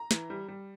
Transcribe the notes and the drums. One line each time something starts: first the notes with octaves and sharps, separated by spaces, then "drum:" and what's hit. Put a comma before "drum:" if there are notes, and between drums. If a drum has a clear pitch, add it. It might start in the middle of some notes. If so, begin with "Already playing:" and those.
Already playing: A#5
E3, drum: snare
G3
G3